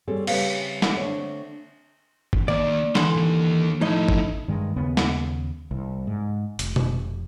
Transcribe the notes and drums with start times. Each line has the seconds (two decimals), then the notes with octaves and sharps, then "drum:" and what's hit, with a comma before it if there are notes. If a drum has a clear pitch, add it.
0.07 G3 C4 G#4 A4 C#5
0.27 C#3 G3 C4 B4 C#5 F5, drum: cymbal
0.82 drum: snare
0.97 D3 A3 C4 C#5
2.33 drum: kick
2.48 D#3 A#3 D5
2.95 D3 E3 A5 C6, drum: snare
3.16 D#3 A#3
3.81 A2 F3 D#4 E4 D#5
4.08 drum: kick
4.48 G2 D#3 G#3
4.76 D#2 C#3 B3
4.97 drum: snare
5.71 C2
6.07 G#2
6.59 F1, drum: hi-hat
6.76 drum: tom B2